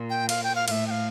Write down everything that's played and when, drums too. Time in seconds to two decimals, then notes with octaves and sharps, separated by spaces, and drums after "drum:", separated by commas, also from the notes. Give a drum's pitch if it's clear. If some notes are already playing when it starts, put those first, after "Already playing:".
Already playing: A#2
0.10 G5
0.29 F5, drum: cymbal
0.43 G5
0.55 F5
0.68 A2 E5 F5, drum: cymbal
0.87 G5
0.91 F5